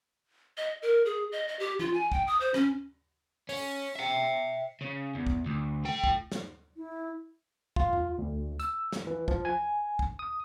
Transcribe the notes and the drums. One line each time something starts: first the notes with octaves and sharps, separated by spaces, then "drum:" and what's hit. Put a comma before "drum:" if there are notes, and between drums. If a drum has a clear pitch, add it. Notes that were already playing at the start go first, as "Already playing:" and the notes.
D#5
A#4
G#4
D#5
D#5
G4
F4, drum: tom E3
G#5
G5, drum: kick
D#6
C5
C#4, drum: rim click
C#4, drum: open hi-hat
E5 G5
C#3
E2
drum: kick
D2
A3 G5
drum: kick
drum: snare
E4
F4, drum: kick
drum: tom E2
D2
E6, drum: hi-hat
drum: snare
E3
F3, drum: kick
G#5
drum: kick
D#6